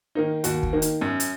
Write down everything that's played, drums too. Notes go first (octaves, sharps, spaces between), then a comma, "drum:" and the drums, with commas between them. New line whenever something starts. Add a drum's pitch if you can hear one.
D#3 A#3 D#4
D#2 F#4, drum: hi-hat
drum: kick
D#3 A#3 D#4
drum: hi-hat
F#2
drum: hi-hat